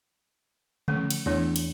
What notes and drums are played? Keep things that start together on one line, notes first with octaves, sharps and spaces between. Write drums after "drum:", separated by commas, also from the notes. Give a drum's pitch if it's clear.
F3 A3 C#4, drum: tom C#3
drum: cymbal
E2 A3 D4 C#5
drum: cymbal